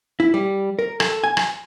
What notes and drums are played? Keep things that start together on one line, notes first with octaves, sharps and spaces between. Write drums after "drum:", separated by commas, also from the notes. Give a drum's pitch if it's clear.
E4
G3
A#4
A4, drum: rim click
G#5
drum: rim click